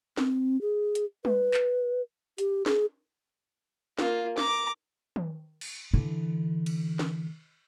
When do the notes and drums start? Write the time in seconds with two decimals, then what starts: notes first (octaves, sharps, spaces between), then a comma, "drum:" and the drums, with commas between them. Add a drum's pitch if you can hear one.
0.17 C4, drum: snare
0.61 G#4
0.95 drum: hi-hat
1.25 B4, drum: tom G3
1.54 drum: clap
2.38 G4, drum: hi-hat
2.66 G#4, drum: snare
3.99 A#3 F4, drum: snare
4.38 A#5 D6, drum: snare
5.16 drum: tom D#3
5.61 drum: cymbal
5.93 D3 E3
6.66 drum: cymbal
6.99 drum: snare